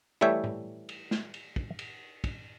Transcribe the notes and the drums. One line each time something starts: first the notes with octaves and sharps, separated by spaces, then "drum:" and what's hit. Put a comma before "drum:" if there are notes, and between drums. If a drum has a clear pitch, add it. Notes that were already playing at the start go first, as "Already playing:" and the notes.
E3 G3 A3 C#5 E5 G5
drum: tom G#2
drum: cymbal
drum: snare
drum: cymbal
drum: kick
drum: cymbal
drum: kick, cymbal